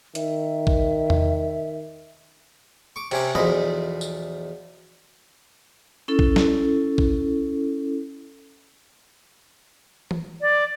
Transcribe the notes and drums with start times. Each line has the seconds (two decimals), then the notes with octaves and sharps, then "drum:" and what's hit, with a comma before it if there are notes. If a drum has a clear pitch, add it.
0.15 D#3 E5, drum: hi-hat
0.67 drum: kick
1.10 drum: tom E2
2.96 C#6 D6
3.11 C3 C#4 D6, drum: cymbal
3.35 B1 E2 F3 D#5 B5, drum: tom E3
4.01 drum: tambourine
6.08 C#4 E4 A4
6.19 drum: kick
6.36 drum: snare
6.98 drum: kick
10.11 drum: tom E3
10.41 D5